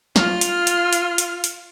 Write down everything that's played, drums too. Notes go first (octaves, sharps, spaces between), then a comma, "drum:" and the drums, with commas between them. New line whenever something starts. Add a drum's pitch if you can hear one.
F4 F6, drum: snare
drum: hi-hat
drum: hi-hat
drum: hi-hat
drum: hi-hat
drum: hi-hat